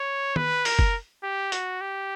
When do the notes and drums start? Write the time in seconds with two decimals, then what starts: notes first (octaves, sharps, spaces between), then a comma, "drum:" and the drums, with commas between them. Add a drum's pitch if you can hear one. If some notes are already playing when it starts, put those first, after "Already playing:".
Already playing: C#5
0.36 B4, drum: tom
0.65 A#4, drum: open hi-hat
0.79 drum: kick F#1
1.23 G4
1.52 F#4, drum: hi-hat
1.81 G4